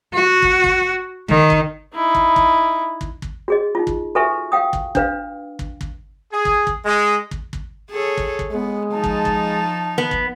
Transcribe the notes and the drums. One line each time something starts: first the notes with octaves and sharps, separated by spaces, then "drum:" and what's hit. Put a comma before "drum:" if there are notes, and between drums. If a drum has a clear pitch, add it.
F#4
drum: kick
drum: kick
D#3, drum: kick
drum: kick
D#4 E4
drum: kick
drum: kick
drum: kick
drum: kick
F#4 G#4 D#5
D#4 F4
drum: kick
F#4 A4 B4 E5 G#5 C#6
F5 G5 D#6
drum: kick
D4 B4 F5, drum: kick
drum: kick
drum: kick
G#4
drum: kick
drum: kick
G#3
drum: kick
drum: kick
G#4 A4 C#5
drum: kick
drum: kick
G#3 B3
F3 D#4 A5
drum: kick
drum: kick
B3
drum: kick